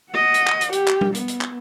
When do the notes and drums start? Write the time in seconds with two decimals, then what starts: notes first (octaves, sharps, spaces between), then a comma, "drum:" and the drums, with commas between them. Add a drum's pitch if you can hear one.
0.12 D#5 F#5
0.34 drum: hi-hat
0.47 drum: clap
0.61 drum: hi-hat
0.72 G4, drum: hi-hat
0.88 drum: clap
1.01 drum: tom G3
1.15 B3, drum: hi-hat
1.28 drum: hi-hat
1.41 drum: clap